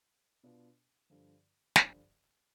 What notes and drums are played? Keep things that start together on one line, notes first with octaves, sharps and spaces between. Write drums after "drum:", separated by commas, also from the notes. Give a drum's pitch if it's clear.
B2 B3 D4 F4
G2 D3 F3
G2 D3 F3, drum: snare